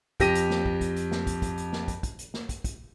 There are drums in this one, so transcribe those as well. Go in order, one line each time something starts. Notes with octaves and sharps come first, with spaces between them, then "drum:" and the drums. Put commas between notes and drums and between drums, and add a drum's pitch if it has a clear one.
F2 G4 A#6 D#7, drum: kick, hi-hat
drum: hi-hat
drum: snare
drum: kick
drum: kick, hi-hat
drum: hi-hat
drum: snare
drum: kick, hi-hat
drum: kick, hi-hat
drum: hi-hat
drum: snare
drum: kick, hi-hat
drum: kick, hi-hat
drum: hi-hat
drum: snare
drum: kick, hi-hat
drum: kick, hi-hat